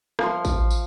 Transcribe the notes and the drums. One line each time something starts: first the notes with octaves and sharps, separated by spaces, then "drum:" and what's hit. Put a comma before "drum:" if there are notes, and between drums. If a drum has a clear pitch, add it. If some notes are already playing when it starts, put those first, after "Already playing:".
F3 C6, drum: rim click
drum: kick A1, tambourine
drum: tambourine